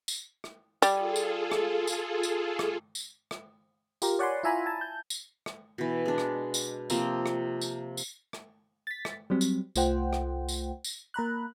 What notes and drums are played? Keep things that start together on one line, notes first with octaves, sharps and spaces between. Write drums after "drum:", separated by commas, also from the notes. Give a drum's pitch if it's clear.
drum: tambourine
drum: rim click
G3 F4 G#4 A4, drum: tambourine
drum: tambourine
drum: rim click
drum: tambourine
drum: tambourine
drum: rim click
drum: tambourine
drum: rim click
F4 G4 A#4, drum: tambourine
C#5 D5 F#5 G#5 B5 C6
E4 F4 E5 G#5 A#5 B5
G#5 A5
G6
drum: tambourine
drum: rim click
B2 E3
G#3 D4
drum: rim click
drum: tambourine
C3 F3 A#3 C4, drum: tambourine
drum: rim click
drum: tambourine
drum: tambourine
drum: rim click
A6 B6
drum: rim click
F#3 G3 C4
drum: tambourine
C2 A3 F4 C5 F#5 G5, drum: tambourine
drum: rim click
drum: tambourine
drum: tambourine
A#3 A#5 B5 F#6